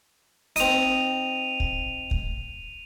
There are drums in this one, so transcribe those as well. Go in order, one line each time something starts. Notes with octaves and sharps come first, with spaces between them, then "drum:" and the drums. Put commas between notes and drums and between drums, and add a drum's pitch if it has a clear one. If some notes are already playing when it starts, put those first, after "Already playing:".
C4 D#4 D#7 F7, drum: hi-hat
drum: kick
drum: kick